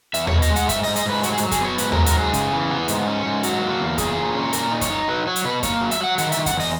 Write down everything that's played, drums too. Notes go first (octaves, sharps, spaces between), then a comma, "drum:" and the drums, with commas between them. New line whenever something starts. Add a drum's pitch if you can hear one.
E2 E5, drum: hi-hat
C#5, drum: tom D#2
B2
D#5, drum: hi-hat
G#3
F#5, drum: hi-hat
G#2 E5, drum: kick F#2, hi-hat
D#5, drum: open hi-hat
G#2
D#5, drum: hi-hat
G#2 B4
F#3 F#4, drum: hi-hat
G#4
F#4, drum: hi-hat
F#3
G#4, drum: kick F#2, hi-hat
B3 C#5
G#2 B4, drum: hi-hat
A#4, drum: tom D#2
F#3
A#4, drum: hi-hat
G#2 G#4
C#3, drum: kick F#2, hi-hat
E3
B3
G#2, drum: hi-hat
C#4
G#2
F#3 F#4, drum: hi-hat
A#3
E2
A#2 G#4, drum: kick F#2, hi-hat
A#2
C#4
A#2 A#4, drum: hi-hat
D#4
C#5, drum: kick F#2, hi-hat
D#4
F#3 B4
F#3 C#5
drum: hi-hat
B2 B4
A#3 C#5, drum: kick F#2, hi-hat
F#3
E5, drum: hi-hat
F#3 F#5
D#3 F#5, drum: hi-hat
E5, drum: hi-hat
D#3
F#5, drum: kick F#2, hi-hat
E2
D#5, drum: open hi-hat